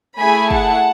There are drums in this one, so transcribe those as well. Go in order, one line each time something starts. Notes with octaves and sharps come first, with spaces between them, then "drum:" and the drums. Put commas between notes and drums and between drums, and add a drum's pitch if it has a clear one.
A3 E4 G#4 G#5 B5
F#5 A5, drum: kick